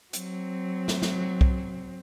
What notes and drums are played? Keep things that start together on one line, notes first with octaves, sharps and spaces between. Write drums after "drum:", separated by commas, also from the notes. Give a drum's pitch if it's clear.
F#3 C4, drum: hi-hat
drum: snare
drum: snare
drum: kick